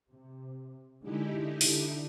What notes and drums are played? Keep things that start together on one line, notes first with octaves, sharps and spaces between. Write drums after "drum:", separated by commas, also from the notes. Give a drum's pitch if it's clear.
C3
D3 G#3 D#4 E4 G4
D3, drum: open hi-hat